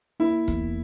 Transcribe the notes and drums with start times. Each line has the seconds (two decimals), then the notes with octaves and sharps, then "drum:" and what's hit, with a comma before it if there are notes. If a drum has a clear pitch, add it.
0.20 A#3 E4
0.48 E2, drum: kick